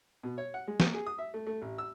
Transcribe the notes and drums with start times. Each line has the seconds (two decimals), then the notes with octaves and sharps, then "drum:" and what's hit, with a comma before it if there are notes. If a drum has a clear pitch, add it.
0.23 B2
0.38 C#5
0.54 F#5
0.68 G#3
0.80 A#3, drum: snare
0.94 G#4
1.06 D#6
1.18 E5
1.34 A3
1.47 A3
1.62 A1
1.78 E6